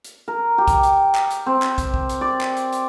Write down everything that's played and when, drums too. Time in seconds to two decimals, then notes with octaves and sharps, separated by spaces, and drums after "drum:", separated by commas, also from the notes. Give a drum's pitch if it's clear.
0.04 drum: hi-hat
0.28 A#4
0.58 G4
0.68 drum: kick, hi-hat
0.83 drum: hi-hat
1.15 drum: clap
1.31 drum: hi-hat
1.46 C4
1.62 drum: clap
1.78 drum: kick, hi-hat
1.94 drum: kick
2.09 drum: hi-hat
2.21 D5
2.41 drum: clap
2.57 drum: hi-hat
2.73 drum: hi-hat